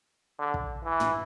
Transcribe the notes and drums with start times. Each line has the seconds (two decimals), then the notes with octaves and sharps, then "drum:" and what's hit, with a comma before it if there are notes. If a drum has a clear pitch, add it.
0.39 D3
0.54 drum: kick
0.85 E3
1.00 drum: tom